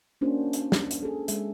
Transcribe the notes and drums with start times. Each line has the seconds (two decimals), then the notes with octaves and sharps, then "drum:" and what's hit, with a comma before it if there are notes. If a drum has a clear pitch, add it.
0.21 A#3 C#4 D4 F#4 C5
0.53 drum: hi-hat
0.72 drum: snare
0.91 drum: hi-hat
1.03 G#4 A4
1.28 G#3 E5, drum: hi-hat